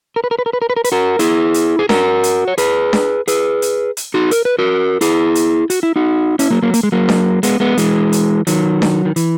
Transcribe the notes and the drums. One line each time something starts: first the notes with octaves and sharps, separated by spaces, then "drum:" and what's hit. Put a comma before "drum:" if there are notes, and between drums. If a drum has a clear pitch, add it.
A#4
B4
A#4
B4
A#4
B4
A#4
B4
A#4
B4, drum: hi-hat
F#4 A#4
E4 G#4, drum: hi-hat
drum: hi-hat
G#4
F#4 A#4, drum: snare D4
drum: hi-hat
C#5
G#4 B4, drum: hi-hat
drum: snare D4
G#4 B4, drum: hi-hat
drum: hi-hat
drum: hi-hat
D#4 F#4
A#4, drum: hi-hat
B4
F#4 A#4
E4 G#4, drum: hi-hat
drum: hi-hat
F#4, drum: hi-hat
E4
D#4 F#4
C#4 E4, drum: hi-hat
F#3 A#3
F#3 A#3
A#3, drum: hi-hat
G#3
F#3 A#3
drum: snare D4
G#3 B3, drum: hi-hat
G#3 B3
E3 G#3, drum: hi-hat
drum: hi-hat
D#3 F#3, drum: hi-hat
drum: snare D4
D#3
E3, drum: hi-hat